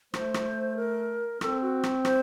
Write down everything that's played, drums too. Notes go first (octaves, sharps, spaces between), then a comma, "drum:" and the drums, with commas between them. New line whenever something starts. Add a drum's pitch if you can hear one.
A3 C5, drum: rim click
drum: rim click
A#4
C4 A4, drum: rim click
F#4
drum: rim click
C5, drum: rim click